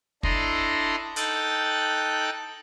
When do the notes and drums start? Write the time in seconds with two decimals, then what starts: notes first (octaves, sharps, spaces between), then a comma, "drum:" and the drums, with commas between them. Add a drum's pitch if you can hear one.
0.23 D4 E4 A4 D#5 A#5 C6, drum: kick
1.16 D#4 A4 G5 F#6 A6, drum: hi-hat